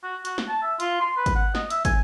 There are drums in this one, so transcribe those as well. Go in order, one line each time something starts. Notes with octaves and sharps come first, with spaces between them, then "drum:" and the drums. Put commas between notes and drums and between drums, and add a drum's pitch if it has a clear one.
F#4
F#4, drum: hi-hat
drum: snare
A5
E5
F4, drum: hi-hat
C6
B4
drum: kick, hi-hat
F#5
D#5, drum: snare
E5, drum: hi-hat
G#5, drum: kick, hi-hat